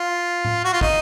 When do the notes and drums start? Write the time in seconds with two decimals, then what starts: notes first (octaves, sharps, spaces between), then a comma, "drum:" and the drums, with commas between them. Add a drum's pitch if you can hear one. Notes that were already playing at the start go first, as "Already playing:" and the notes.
Already playing: F4
0.45 drum: tom A2
0.65 F#4
0.73 F4
0.81 D#4, drum: kick